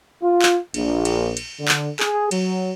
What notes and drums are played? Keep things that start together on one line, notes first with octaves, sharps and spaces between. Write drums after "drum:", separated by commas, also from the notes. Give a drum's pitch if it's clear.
F4
drum: clap
A#1, drum: cymbal
drum: cymbal
drum: cymbal
D3
drum: clap
G#4, drum: clap
F#3, drum: cymbal